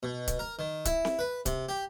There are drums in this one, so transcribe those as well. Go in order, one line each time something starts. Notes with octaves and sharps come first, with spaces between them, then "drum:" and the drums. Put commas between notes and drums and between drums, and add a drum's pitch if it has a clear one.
B2
drum: kick C#1, hi-hat
A#4
D#3
E4, drum: kick C#1, hi-hat
drum: snare C4
B4
C3, drum: kick C#1, hi-hat
G4